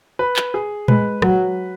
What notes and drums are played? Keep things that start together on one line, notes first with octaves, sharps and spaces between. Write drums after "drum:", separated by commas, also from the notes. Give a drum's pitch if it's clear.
B4
drum: clap
G#4
G#3 B4, drum: tom A#2
F#3, drum: rim click